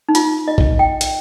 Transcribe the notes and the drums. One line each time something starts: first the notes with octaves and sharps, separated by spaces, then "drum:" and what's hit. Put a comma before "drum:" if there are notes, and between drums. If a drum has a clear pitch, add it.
D#4
F4, drum: hi-hat
D#5
drum: kick A#1
G5
drum: hi-hat